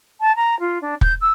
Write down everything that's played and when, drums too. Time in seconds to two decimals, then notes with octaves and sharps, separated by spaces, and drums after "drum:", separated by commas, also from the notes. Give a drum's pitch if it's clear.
0.21 A5
0.36 A#5
0.60 F4
0.81 D4
1.01 G6, drum: kick
1.21 E6